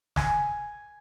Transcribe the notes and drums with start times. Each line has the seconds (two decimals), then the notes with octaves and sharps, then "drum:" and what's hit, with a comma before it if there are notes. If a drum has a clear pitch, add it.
0.16 G#5, drum: snare